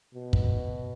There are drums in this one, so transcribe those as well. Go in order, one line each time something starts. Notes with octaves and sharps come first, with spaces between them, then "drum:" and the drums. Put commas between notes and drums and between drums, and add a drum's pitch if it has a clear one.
B2
drum: kick